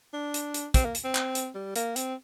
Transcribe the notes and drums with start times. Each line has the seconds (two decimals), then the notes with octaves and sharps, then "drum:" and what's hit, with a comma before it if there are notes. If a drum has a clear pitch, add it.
0.14 D4
0.34 drum: hi-hat
0.54 drum: hi-hat
0.74 C4, drum: kick, hi-hat
0.85 A#3
0.95 drum: hi-hat
1.04 C4
1.15 drum: clap
1.35 drum: hi-hat
1.55 G3
1.76 A#3, drum: hi-hat
1.96 C4, drum: hi-hat